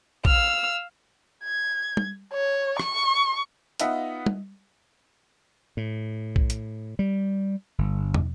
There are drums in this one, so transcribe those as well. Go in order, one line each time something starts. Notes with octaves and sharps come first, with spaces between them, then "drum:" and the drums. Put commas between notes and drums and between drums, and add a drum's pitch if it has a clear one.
F5 E6 F6, drum: kick
G#6
drum: tom
C#5
C#6, drum: rim click
B3 D#4 F4 D#5 E5 F#5, drum: hi-hat
drum: tom
A2
drum: kick
drum: hi-hat
G3
G1
drum: tom